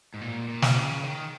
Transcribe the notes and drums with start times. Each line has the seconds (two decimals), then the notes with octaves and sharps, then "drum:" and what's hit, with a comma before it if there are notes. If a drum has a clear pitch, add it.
0.14 G#2
0.21 A#2
0.48 A#2
0.62 drum: snare
0.76 C#3
1.04 D#3